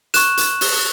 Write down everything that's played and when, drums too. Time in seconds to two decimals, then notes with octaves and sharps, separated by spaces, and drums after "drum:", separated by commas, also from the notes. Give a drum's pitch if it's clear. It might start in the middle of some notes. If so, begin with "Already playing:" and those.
0.14 C#6 F#6 E7, drum: hi-hat
0.37 drum: hi-hat
0.61 drum: open hi-hat